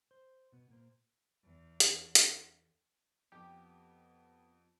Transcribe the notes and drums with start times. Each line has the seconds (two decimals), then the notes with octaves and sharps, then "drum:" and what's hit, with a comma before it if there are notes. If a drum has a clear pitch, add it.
0.11 C5
0.52 B2 B3
0.70 A#2 A#3 C5
1.43 E2
1.80 drum: hi-hat
2.15 drum: hi-hat
3.32 F2 B3 G4